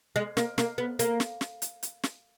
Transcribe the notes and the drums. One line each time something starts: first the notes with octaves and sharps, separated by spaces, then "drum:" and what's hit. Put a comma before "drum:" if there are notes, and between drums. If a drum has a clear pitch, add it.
G#3
A#3, drum: snare
A#3, drum: snare
B3
A#3, drum: hi-hat
drum: snare
drum: snare
drum: hi-hat
drum: hi-hat
drum: snare